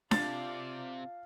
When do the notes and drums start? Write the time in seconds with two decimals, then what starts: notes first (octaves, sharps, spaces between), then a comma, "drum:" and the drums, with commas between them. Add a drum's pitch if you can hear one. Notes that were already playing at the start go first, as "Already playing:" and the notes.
0.11 C3 F4 D5 F5 A5 A6, drum: snare D4